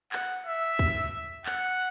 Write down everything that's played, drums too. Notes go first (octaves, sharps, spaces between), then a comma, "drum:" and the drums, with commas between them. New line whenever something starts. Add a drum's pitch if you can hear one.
F#5, drum: clap
E5
drum: kick
F#5, drum: clap